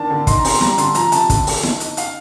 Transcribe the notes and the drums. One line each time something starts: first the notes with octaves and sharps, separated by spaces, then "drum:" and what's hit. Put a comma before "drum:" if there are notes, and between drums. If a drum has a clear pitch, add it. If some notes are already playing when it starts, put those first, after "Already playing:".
Already playing: D#3 D4 A5
D3
D#4 C6, drum: kick, hi-hat
A#5
C4 C6, drum: open hi-hat
G3 A#5, drum: snare E4
D3 C6, drum: hi-hat
F3 A#5, drum: hi-hat
C3 A5, drum: hi-hat
D3, drum: kick, hi-hat
A3, drum: open hi-hat
D#4, drum: snare E4
D#4, drum: hi-hat
D#4 F5, drum: hi-hat